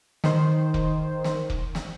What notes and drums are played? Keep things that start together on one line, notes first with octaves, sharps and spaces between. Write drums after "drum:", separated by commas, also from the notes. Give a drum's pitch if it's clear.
D#3 C5, drum: snare
drum: kick
drum: snare
drum: kick
drum: snare